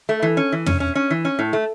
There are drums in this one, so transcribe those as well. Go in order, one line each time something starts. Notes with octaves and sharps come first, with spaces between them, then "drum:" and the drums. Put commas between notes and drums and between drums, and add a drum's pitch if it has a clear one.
A3
E3
C#4
E3
C#4, drum: tom
C#4
C#4
E3
C#4
A2
A3